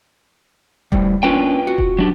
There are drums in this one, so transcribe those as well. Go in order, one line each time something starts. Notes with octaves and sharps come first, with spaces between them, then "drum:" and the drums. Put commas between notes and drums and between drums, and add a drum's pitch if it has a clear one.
A2 G3, drum: kick E1
A#3 C#4 D4 F4 B4 G5
F#4
drum: kick E1
F#3 D4 G4